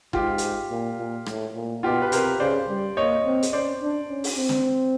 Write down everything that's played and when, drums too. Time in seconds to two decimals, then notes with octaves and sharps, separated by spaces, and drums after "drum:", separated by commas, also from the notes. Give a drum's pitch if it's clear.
0.13 G#2 F4 G4, drum: kick G1
0.38 drum: hi-hat
0.70 A#2
0.98 A#2
1.26 A2, drum: rim click
1.55 A#2
1.83 B2 F4 G4
2.02 B4
2.12 C3 A#4 C5, drum: hi-hat
2.40 C#3 C5 D5
2.68 G3
2.97 A#3 C#5 D#5
3.25 C4
3.43 drum: hi-hat
3.53 C#4 C5 D5
3.81 D4
4.10 C#4
4.24 drum: open hi-hat
4.38 C4
4.49 drum: snare